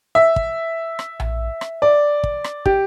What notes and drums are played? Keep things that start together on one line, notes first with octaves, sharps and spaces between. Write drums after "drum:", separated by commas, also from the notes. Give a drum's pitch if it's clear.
E5
drum: kick
drum: rim click
drum: tom A#1
drum: rim click
D5
drum: kick
drum: rim click
G4, drum: kick